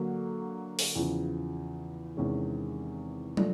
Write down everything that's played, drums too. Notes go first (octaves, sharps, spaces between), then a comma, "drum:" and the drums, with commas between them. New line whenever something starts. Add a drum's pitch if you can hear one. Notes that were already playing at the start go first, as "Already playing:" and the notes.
Already playing: D3 F#3 A#3
drum: open hi-hat
E2 C#3 F3
E2 C3 D#3 G#3 C#4
F3 A3 D4, drum: tom